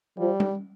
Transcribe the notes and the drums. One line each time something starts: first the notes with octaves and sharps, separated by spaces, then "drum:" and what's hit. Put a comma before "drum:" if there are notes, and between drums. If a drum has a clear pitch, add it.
F3 G3
drum: tom G3